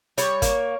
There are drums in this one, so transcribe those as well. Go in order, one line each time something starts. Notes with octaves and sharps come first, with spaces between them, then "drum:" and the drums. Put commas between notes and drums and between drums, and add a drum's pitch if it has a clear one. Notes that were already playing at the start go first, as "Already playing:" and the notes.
G3 C#5, drum: hi-hat
A#3, drum: kick, hi-hat